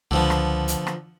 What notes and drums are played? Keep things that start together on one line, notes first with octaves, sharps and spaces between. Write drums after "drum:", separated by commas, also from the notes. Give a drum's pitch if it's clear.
C#2 D3 F3 B3
drum: rim click
drum: hi-hat
drum: rim click